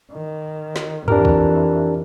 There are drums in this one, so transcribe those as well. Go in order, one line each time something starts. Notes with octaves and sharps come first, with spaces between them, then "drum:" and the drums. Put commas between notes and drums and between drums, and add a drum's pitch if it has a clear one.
D#3
drum: snare
F2 E3 D4 G4 A#4, drum: tom G2
drum: kick